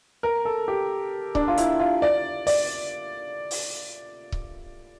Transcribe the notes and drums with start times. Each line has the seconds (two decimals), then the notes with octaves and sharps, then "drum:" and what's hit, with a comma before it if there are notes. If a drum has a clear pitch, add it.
0.23 A#4
0.45 A4
0.68 G4
1.35 D4, drum: kick C#1
1.48 F4
1.57 E4, drum: hi-hat
1.80 F4
2.02 D5
2.47 D5, drum: open hi-hat
3.51 drum: open hi-hat
4.32 drum: kick C#1